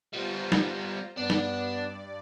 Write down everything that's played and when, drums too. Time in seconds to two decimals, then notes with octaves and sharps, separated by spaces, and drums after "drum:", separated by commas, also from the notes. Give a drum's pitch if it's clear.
0.13 G3 B3 F4 C5 A#5
0.52 drum: snare
1.17 G2 B3 D4 D5
1.30 drum: snare